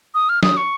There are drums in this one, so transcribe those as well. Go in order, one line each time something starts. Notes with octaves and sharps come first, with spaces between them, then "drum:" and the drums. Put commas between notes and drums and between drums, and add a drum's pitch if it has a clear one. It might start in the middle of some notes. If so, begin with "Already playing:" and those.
D#6
F6
D#6, drum: snare
C#6